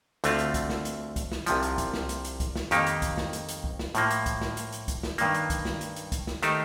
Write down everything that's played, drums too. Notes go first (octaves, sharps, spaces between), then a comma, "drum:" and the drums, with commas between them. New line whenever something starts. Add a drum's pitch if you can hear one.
D2 D3 A3 C4 F4, drum: hi-hat
drum: hi-hat
drum: kick, hi-hat
drum: snare
drum: hi-hat
drum: kick, hi-hat
drum: snare
C2 C3 F3, drum: hi-hat
drum: hi-hat
drum: kick, hi-hat
drum: snare
drum: hi-hat
drum: hi-hat
drum: kick, hi-hat
drum: snare
F2 D#3 A#3 D#4 G4, drum: hi-hat
drum: hi-hat
drum: kick, hi-hat
drum: snare
drum: hi-hat
drum: hi-hat
drum: kick
drum: snare
A2 F3 A#3, drum: hi-hat
drum: hi-hat
drum: kick, hi-hat
drum: snare
drum: hi-hat
drum: hi-hat
drum: kick, hi-hat
drum: snare
G2 D#3 A#3, drum: hi-hat
drum: hi-hat
drum: kick, hi-hat
drum: snare
drum: hi-hat
drum: hi-hat
drum: kick, hi-hat
drum: snare
D#3 A3 D#4 G4 C5, drum: hi-hat